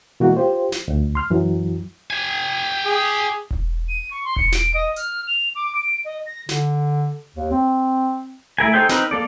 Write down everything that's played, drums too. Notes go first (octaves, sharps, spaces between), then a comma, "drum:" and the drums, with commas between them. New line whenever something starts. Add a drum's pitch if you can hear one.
B2 E3 G#3 A#3 F#4
F4 G4 C5
drum: snare
D2
C6 F6
F#2 E3 F#3
G4 G#5
G#4
drum: kick E1
D#7
C#6
C6
C#7, drum: kick E1
D7, drum: snare
D#5
F6, drum: hi-hat
F7
D6
D7
D#5
A#6
D3, drum: snare
D#2
C4
A3 E4 A#4 G#5
D#4 A4 C5 G5 G#5
C4 D#4 A#4 B4, drum: snare
A#3 A4 D5